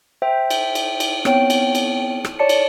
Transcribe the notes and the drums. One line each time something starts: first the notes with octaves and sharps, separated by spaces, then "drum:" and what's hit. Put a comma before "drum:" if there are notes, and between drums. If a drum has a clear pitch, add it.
C5 E5 G5
drum: cymbal
drum: cymbal
drum: cymbal
B3 C4 C#5 G5 D7, drum: rim click
drum: cymbal
drum: cymbal
drum: rim click
C#5 D5 A5 C#7
drum: cymbal